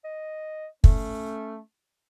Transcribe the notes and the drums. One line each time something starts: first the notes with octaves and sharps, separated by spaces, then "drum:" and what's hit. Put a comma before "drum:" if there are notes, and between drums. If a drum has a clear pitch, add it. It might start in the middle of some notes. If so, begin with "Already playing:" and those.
D#5
A3 C#4, drum: kick